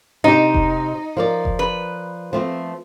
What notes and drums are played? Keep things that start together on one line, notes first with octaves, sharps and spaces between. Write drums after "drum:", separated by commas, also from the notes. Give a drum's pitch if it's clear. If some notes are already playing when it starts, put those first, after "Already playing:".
C3 D#4 G4
drum: kick F1
F3 A#4 D5
drum: kick F1
B4
F3 A3 C4